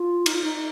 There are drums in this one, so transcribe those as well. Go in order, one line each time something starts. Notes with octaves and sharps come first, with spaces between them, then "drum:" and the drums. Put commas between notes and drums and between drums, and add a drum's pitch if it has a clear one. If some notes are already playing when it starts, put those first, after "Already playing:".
Already playing: F4
D#4, drum: cymbal
F4
D#4